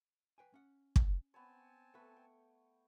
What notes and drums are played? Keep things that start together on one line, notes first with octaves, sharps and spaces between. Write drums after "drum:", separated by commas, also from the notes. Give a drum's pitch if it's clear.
B4 G5 G#5
C#4 F#5
drum: kick
B3 C4 C#5 G#5 A5
A3 B3 A4 B4 C#6
G5